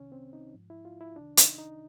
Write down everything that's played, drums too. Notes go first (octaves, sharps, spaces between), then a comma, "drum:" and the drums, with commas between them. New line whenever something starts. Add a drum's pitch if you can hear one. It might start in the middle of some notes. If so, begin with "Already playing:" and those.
Already playing: C2 C3 D#3 C#4
C4
D#4
G#2 F3
E4
F4
E4
C2 C3 D#3 D4
D#4, drum: hi-hat
D#4